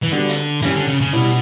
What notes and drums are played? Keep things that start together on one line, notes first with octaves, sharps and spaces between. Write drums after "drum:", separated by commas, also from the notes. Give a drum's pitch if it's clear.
E3
D3 G3 B3 D4 F#4
drum: hi-hat
E3 G3 C#4 G4, drum: hi-hat
D3
C#3
C#3
B2 G3 C#4 E4